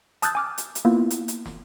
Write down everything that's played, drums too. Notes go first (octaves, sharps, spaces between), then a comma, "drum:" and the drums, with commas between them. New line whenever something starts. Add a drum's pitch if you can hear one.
A5 D#6 E6 F#6 G6 A6, drum: hi-hat
G#5 D6 F6
drum: hi-hat
drum: hi-hat
A#3 B3 E4 F4
drum: hi-hat
drum: hi-hat
drum: snare